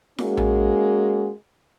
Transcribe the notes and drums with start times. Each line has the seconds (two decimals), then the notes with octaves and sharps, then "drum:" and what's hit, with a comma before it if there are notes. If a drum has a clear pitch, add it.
0.18 G#3 A#3 C#4 F#4, drum: snare E4
0.37 drum: tom A#1